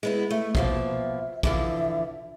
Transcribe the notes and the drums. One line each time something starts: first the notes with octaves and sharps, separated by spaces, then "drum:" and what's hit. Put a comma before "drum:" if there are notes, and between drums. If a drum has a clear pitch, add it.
G#3 B3 E4
A3 E5
B2 F3 A#3 E5, drum: kick
D3 E3 F3 E5, drum: kick